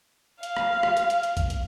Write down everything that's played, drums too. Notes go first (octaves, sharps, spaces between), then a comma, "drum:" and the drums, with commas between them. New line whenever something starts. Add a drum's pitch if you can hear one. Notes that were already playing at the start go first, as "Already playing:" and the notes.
F5, drum: hi-hat
drum: rim click
drum: rim click
drum: hi-hat
drum: hi-hat
drum: hi-hat
drum: kick A1, hi-hat
drum: hi-hat